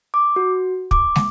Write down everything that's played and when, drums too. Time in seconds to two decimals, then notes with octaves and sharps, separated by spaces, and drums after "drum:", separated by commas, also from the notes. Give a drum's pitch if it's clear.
0.14 D6
0.36 F#4
0.91 D6, drum: kick
1.16 drum: snare